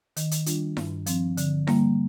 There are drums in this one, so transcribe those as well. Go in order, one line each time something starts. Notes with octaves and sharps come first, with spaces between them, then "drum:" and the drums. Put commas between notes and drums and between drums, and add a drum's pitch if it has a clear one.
D#3, drum: hi-hat
drum: hi-hat
G3 D4 F4, drum: hi-hat
G2, drum: snare E4
F3 C4, drum: hi-hat
D3, drum: hi-hat
G3 A#3, drum: snare E4